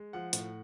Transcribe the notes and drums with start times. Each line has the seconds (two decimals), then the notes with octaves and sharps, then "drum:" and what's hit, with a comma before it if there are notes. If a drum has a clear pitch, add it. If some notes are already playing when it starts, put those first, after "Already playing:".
Already playing: G#3
0.13 F3 F#5
0.33 A2, drum: hi-hat